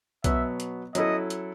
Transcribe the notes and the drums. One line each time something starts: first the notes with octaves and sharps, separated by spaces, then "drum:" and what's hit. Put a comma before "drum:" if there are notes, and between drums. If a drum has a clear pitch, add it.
B2 F#3 B3 E5, drum: kick B1, hi-hat
drum: hi-hat
F#3 C#4 E4 A4 D#5, drum: hi-hat
drum: hi-hat